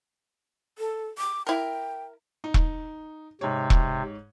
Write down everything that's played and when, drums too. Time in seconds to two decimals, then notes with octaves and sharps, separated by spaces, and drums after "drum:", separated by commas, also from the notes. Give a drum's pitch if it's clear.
0.78 A4
1.18 D6
1.47 E4 A#4 G5
2.44 D#4
2.54 drum: kick E1
3.41 G#2 C3 C#5
3.70 drum: kick E1